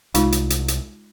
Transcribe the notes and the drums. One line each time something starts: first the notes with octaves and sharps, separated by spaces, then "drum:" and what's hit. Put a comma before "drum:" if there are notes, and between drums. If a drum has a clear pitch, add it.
C2 G#3 D#4 F4, drum: hi-hat
drum: hi-hat
drum: hi-hat
drum: hi-hat